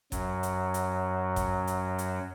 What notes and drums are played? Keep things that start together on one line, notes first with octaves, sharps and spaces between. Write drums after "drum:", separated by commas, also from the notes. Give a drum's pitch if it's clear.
F#2 F#3, drum: kick G1, hi-hat
drum: hi-hat
drum: hi-hat
drum: kick G1, hi-hat
drum: hi-hat
drum: hi-hat